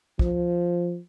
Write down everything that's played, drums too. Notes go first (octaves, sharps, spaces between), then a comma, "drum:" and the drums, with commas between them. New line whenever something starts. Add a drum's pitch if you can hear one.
F3, drum: kick